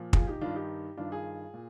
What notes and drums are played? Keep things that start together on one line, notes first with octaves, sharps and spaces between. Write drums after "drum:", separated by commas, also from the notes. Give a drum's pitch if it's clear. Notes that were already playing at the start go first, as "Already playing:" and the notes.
Already playing: A#2 F3
F4 G#4, drum: kick
D#4 G4
G2 D#3 D4 F4
D#4 G4
G2 D#3 D4 F4
F4 G#4
A#2